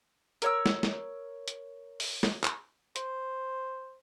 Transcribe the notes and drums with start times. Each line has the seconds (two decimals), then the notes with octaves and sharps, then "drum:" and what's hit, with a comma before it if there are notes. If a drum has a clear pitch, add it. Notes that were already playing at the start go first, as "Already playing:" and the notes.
0.42 A#4 C#5 E6, drum: hi-hat
0.66 drum: snare
0.83 drum: snare
1.48 drum: hi-hat
2.00 drum: open hi-hat
2.23 drum: snare
2.44 drum: clap
2.96 C5, drum: hi-hat